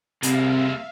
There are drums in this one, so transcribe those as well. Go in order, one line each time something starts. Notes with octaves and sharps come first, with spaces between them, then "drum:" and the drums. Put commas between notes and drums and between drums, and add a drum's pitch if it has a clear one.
C2 C3 G#3 A#3 E5 F5, drum: hi-hat